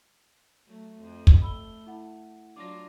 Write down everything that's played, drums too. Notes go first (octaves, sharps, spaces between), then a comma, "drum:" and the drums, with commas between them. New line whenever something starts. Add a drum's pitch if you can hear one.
F#3 A3
F2
drum: kick
A3 B5 E6 G7
E4 F#5
F#3 D4 F4 D6 A#6